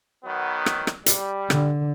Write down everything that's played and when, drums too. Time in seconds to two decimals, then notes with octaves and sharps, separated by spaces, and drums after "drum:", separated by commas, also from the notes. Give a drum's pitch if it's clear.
0.25 D#3 F#3 B3
0.66 drum: rim click
0.87 drum: rim click
1.06 G3, drum: hi-hat
1.50 D3, drum: rim click